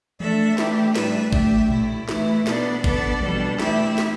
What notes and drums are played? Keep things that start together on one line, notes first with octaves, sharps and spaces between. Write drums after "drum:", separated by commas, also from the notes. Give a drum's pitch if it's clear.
A3 D4 A4 E5, drum: tom E3
E3 A3 E4 G4, drum: snare
A2 G3 D4 B4 E5, drum: snare
A3 G4 E5, drum: kick A1
A2 A3 E4, drum: tom A#2
E3 A3 E4, drum: snare
B2 B3 D4 A4 D5, drum: snare
B3 D4 A4 D5, drum: kick A1
B2 G3 D4 A4, drum: tom E3
E3 A3 E4 G4 E5, drum: snare
drum: snare